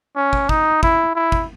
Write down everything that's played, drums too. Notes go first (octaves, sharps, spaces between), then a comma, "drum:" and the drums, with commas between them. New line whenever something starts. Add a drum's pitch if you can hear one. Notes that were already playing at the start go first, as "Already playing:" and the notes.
C#4
drum: kick
D#4, drum: kick
E4, drum: kick
E4
drum: kick